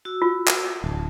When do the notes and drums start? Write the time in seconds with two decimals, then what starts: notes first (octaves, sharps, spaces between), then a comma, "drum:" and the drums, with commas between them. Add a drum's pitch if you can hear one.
0.05 F#4 E6
0.22 F4
0.48 drum: clap
0.84 D1 A5